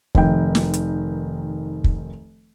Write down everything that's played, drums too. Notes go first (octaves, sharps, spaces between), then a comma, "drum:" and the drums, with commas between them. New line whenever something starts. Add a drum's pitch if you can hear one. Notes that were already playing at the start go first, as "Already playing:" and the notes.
F1 D#3 G5, drum: kick
drum: snare
drum: hi-hat
drum: kick